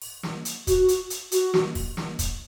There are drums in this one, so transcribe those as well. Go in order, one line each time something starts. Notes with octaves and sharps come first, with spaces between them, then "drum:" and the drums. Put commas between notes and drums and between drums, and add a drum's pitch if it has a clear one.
drum: open hi-hat
drum: snare
drum: hi-hat
F#4, drum: kick, hi-hat
drum: hi-hat
drum: hi-hat
F#4, drum: hi-hat
drum: snare
drum: kick, open hi-hat
drum: snare
drum: kick, hi-hat